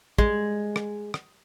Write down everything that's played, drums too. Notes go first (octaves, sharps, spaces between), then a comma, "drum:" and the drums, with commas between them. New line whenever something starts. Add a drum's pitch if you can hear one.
G#3, drum: kick
drum: rim click
drum: rim click